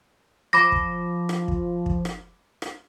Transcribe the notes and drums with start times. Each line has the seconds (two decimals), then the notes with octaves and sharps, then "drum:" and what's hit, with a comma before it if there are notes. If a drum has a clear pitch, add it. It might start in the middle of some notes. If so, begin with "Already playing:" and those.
0.53 F3 B5 D6 A#6
0.72 drum: kick
1.29 drum: rim click
1.48 drum: kick
1.86 drum: kick
2.05 drum: rim click
2.62 drum: rim click